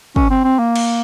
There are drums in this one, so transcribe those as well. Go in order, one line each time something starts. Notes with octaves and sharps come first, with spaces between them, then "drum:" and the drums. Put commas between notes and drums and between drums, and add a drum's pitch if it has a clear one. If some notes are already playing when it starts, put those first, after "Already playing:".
C#4, drum: kick
C4
C4
A#3
drum: cymbal